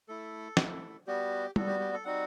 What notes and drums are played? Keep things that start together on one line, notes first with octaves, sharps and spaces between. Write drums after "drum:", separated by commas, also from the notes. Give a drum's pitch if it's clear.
A3 E4 A4
A3 E4, drum: snare
G3 B3 F#4 G4
G3 B3 F#4 A4, drum: tom G3
G4
G4
A4
G3 C4 D#4 F#4 F#5